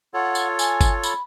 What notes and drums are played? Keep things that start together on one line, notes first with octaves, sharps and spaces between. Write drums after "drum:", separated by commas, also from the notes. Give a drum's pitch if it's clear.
F4 A4 C#5 F#5
drum: tambourine
G#5, drum: tambourine
drum: kick G1, tambourine
B5, drum: tambourine